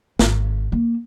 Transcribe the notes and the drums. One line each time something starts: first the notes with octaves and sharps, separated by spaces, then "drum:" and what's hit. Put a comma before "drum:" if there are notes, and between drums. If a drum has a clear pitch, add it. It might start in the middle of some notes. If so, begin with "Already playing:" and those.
G#1, drum: snare
A#3